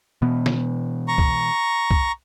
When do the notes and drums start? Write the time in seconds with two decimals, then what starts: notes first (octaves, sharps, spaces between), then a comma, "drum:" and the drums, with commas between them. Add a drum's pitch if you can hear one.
0.22 B2 E3 B3
0.46 drum: snare
1.08 A#5 C#6
1.18 drum: kick
1.91 drum: kick